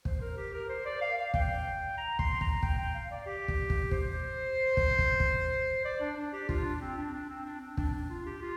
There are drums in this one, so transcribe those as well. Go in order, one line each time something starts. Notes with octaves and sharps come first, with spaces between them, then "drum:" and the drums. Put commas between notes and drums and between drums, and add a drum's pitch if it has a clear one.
C5, drum: kick
A#4
G4
A#4
C5
D5
F5
F5
G5, drum: kick
A#5
C6, drum: kick
A#5, drum: kick
G5, drum: kick
G5
F5
D5
G4
drum: kick
drum: kick
C5, drum: kick
drum: kick
drum: kick
drum: kick
D5
D4
D4
G4
F4, drum: kick
D4
C4
D4
D4
C4
D4
C4
D4, drum: kick
D4
F4
G4
F4